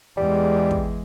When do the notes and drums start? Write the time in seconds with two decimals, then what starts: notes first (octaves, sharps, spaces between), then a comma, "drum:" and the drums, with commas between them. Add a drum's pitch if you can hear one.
0.17 E2 G3 G#3
0.71 drum: kick